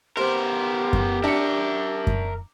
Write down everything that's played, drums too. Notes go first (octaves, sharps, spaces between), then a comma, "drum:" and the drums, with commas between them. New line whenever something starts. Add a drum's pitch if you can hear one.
B3 G4 A#4 C5
drum: kick F#2
D4 A#4 E5 C#7
drum: kick F#2